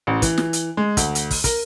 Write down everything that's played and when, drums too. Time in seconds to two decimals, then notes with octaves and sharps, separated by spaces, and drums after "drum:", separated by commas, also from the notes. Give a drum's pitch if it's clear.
0.07 A1
0.22 E3, drum: kick, hi-hat
0.38 drum: snare
0.53 drum: hi-hat
0.77 G#3
0.97 D2, drum: kick, hi-hat
1.15 drum: hi-hat
1.31 drum: kick, open hi-hat
1.44 A#4, drum: kick, hi-hat